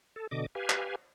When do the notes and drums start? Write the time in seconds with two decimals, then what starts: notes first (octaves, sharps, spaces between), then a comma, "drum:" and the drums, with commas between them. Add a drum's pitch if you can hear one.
0.16 A4
0.31 B2 D3 D#5 D6
0.55 G4 B4 F5 G#5
0.70 drum: clap